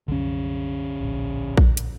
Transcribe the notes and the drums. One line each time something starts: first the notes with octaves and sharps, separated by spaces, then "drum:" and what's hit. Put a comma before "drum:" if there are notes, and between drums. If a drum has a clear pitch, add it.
C2 F#2 D3 C#4
D1 A#1
drum: kick A#1
drum: hi-hat